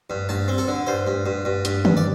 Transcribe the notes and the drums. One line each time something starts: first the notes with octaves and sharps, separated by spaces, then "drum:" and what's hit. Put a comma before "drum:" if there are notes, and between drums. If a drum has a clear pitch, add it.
G2
G2 A5
C4
A4
D3
G2 C5
G2
G2
G2
G2, drum: hi-hat
G2, drum: tom
D5